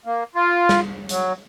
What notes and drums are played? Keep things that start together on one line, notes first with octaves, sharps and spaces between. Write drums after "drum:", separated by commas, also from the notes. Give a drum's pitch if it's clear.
A#3
F4
drum: snare
F#3, drum: hi-hat